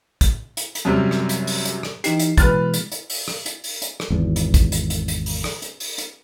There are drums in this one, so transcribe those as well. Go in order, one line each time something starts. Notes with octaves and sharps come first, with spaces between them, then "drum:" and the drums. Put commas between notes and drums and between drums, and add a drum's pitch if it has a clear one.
drum: kick, hi-hat
drum: hi-hat
drum: hi-hat
F#2 C3 G3
drum: rim click
drum: hi-hat
drum: open hi-hat
drum: hi-hat
drum: rim click
E3 D#4 G4 C7, drum: hi-hat
drum: hi-hat
B2 E3 G#3 B4 F6 A6, drum: kick, hi-hat
drum: hi-hat
drum: hi-hat
drum: open hi-hat
drum: rim click
drum: hi-hat
drum: open hi-hat
drum: hi-hat
drum: rim click
G#1 E2
drum: hi-hat
drum: kick, hi-hat
drum: hi-hat
drum: hi-hat
drum: hi-hat
drum: open hi-hat
drum: rim click
drum: hi-hat
drum: open hi-hat
drum: hi-hat